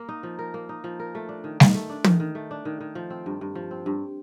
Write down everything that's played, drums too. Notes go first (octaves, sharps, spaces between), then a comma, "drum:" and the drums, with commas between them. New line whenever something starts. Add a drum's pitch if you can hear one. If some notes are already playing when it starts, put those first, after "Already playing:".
Already playing: A#3 A#4
D#4
F3
A#4
A#3
D#4
F3
A#4
A3
D4
D#3
D#3, drum: snare G3
A3
D4
D#3, drum: tom
D#3
A3
D4
D#3
D#3
F3
C4
G2
G2
F3
C4
G2